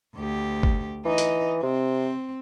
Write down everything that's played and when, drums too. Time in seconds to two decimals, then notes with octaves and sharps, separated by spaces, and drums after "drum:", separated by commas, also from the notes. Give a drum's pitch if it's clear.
0.16 D2 G4
0.63 drum: kick G1
1.05 E3 D#4 D#5
1.18 drum: hi-hat
1.63 C3 C4